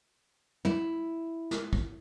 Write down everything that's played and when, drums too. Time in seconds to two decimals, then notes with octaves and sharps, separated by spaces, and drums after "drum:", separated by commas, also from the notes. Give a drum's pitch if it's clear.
0.65 E4, drum: tom
1.51 drum: snare
1.73 drum: kick